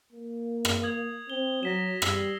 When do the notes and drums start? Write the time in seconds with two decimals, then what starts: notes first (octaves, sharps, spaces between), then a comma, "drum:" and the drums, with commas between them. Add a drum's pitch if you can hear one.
0.12 A#3
0.65 drum: rim click
0.83 D#6 G#6 F#7
1.30 C4 G7
1.63 F#3 A#6 B6 E7
2.02 G3 E6 C7, drum: rim click